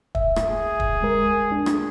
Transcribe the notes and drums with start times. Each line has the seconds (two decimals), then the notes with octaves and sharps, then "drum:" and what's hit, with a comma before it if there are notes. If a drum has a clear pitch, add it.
0.15 E5, drum: kick
0.36 drum: rim click
0.49 G#4
0.80 drum: kick
1.01 D2 G#3 A#4
1.52 D4
1.66 drum: rim click